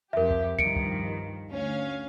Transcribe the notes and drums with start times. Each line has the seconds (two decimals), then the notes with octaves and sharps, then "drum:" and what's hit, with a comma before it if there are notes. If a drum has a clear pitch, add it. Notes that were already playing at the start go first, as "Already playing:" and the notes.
0.13 F2 G4 A#4 E5
0.30 drum: kick
0.59 G2 D#3 F3 C#7 D7, drum: kick
0.76 drum: kick
1.50 D2 C#4 F5